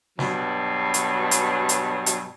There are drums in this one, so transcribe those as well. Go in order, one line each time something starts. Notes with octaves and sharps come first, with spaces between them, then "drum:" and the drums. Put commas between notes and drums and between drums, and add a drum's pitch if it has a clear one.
G2 B2 F#3, drum: snare
drum: hi-hat
drum: hi-hat
drum: hi-hat
drum: hi-hat